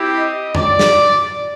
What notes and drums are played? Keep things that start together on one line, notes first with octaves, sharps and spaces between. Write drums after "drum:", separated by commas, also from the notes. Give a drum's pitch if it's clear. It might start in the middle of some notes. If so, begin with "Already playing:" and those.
Already playing: C4 E4 G4
D#5
D5, drum: tom F2
drum: snare